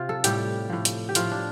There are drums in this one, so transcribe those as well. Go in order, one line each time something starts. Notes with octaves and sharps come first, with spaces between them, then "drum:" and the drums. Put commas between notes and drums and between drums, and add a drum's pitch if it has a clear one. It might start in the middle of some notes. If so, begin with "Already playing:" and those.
Already playing: C3 F4
A4
A2 G3 G4, drum: hi-hat
A2 F3
drum: hi-hat
G4
A2 F3 F4, drum: hi-hat
D4